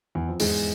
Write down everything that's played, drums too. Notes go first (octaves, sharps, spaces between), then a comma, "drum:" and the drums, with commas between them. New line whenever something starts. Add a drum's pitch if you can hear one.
E2
F2
E2 G#2 G#3, drum: open hi-hat